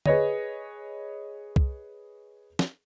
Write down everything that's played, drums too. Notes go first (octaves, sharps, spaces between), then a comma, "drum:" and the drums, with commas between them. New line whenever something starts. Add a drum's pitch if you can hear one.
G#4 B4 C#5 D#5, drum: tom
drum: kick
drum: snare